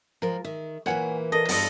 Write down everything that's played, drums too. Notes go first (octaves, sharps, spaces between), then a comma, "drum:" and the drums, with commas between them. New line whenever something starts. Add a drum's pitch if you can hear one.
F3 G#3 F4 A#4
D#3 E5
A#2 E3 A#3 C#5 F#5 G#5
A4 A#4 D5 D#5
E2 G2 F4 A4 D#5 F#5, drum: open hi-hat